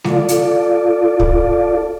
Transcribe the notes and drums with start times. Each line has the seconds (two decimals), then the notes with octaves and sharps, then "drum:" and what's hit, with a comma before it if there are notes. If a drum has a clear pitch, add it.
0.04 F4 A4 D5, drum: snare G#3
0.28 drum: hi-hat
1.20 drum: kick